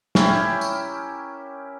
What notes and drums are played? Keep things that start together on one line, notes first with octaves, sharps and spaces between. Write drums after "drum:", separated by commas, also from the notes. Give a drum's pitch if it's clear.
C#4 E4 G4 A#4, drum: snare
drum: tambourine